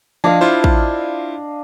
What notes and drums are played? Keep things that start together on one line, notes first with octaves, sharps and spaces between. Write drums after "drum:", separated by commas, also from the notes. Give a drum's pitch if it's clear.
F3 D4 D#5 F5
E4 F4 C5
drum: kick